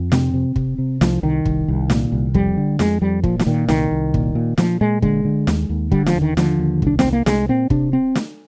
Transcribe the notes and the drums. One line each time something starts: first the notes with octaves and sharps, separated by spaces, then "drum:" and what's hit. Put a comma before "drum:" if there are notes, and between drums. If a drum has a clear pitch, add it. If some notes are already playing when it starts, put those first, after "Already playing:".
Already playing: F2
C3 C4, drum: snare
C3
C3, drum: kick
C3
C2 F3, drum: snare
C2 D#3
C2, drum: kick
C2
A#2, drum: snare
C2
F2 G3, drum: kick
D3
F2 G#3, drum: snare
F2 G3
A#2 F3, drum: kick
F3, drum: snare
A#2 D#3
C2 D#3, drum: snare
C2
A#2, drum: kick
A#2
A#2 F3, drum: snare
A#2 G#3
D3 G#3, drum: kick
D3
D#2, drum: snare
D#2
D3 G3, drum: kick
F3, drum: snare
D#2
D#3
D3 F3, drum: snare
D#2
C2 D4, drum: kick
C2 C4, drum: snare
A#3
C2 G#3, drum: snare
A#2 C4
C3 D4, drum: kick
C4
drum: snare